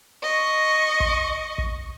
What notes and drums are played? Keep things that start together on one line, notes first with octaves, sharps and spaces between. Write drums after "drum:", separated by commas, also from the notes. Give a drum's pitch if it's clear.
D#5 C#6
drum: kick
drum: kick